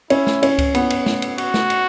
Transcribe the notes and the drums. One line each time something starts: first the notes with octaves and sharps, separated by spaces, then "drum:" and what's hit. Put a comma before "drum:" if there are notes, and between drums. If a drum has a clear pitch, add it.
C#4 E4, drum: cymbal
drum: snare
C#4, drum: cymbal
drum: kick C#2, cymbal
B3, drum: cymbal
drum: cymbal
drum: snare
drum: cymbal
F#4, drum: cymbal
drum: snare
drum: cymbal